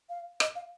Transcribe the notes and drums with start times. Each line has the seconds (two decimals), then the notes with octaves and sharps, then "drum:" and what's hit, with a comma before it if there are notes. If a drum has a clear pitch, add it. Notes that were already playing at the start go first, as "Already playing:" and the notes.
0.10 F5
0.40 D#5, drum: rim click
0.56 F5